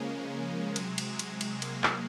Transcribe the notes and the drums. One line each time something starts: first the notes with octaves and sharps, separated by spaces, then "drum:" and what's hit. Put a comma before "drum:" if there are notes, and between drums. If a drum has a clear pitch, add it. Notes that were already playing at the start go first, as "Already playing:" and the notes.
Already playing: C#3 F3 G#3 A#3 C#4
C3 F#3, drum: cymbal
drum: cymbal
drum: cymbal
drum: cymbal
A#3, drum: cymbal
drum: clap